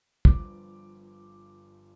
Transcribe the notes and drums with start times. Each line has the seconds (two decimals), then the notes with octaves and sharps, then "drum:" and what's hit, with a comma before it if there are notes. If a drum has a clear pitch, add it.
0.25 G1 G2 F3 D6, drum: kick